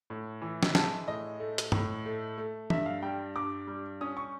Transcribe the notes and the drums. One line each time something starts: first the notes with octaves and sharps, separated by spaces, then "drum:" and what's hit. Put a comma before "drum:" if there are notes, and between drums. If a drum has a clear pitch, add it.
A2
E3
drum: snare
G#3 A5, drum: snare
A2 D#5
A3
drum: hi-hat
A2, drum: tom G2
A3
A3
G2 E5, drum: tom
F5
G3 G5
G2 D6
G3
C#4 D#6
C#6